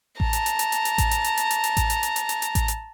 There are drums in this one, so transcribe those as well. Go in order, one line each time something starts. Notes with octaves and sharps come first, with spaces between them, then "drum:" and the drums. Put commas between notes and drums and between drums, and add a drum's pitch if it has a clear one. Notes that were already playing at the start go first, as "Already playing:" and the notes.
A5 A#5, drum: kick A1
drum: hi-hat
drum: hi-hat
drum: hi-hat
drum: hi-hat
drum: hi-hat
drum: kick A1, hi-hat
drum: hi-hat
drum: hi-hat
drum: hi-hat
drum: hi-hat
drum: hi-hat
drum: kick A1, hi-hat
drum: hi-hat
drum: hi-hat
drum: hi-hat
drum: hi-hat
drum: hi-hat
drum: kick A1, hi-hat
drum: hi-hat